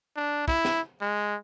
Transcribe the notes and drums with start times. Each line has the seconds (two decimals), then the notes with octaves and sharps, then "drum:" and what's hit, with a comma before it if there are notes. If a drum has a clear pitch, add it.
0.16 D4
0.48 E4, drum: kick
0.65 drum: snare
1.01 G#3